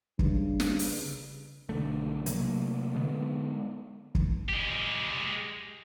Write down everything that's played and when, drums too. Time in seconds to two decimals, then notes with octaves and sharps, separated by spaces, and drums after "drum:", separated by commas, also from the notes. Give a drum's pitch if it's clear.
0.19 G2 C#3, drum: kick
0.60 drum: snare
0.79 drum: open hi-hat
1.69 B1 D3 A3
2.26 C3 F#3 A3 A#3, drum: hi-hat
2.95 D3 G#3 B3
4.15 drum: kick
4.49 G#3 G4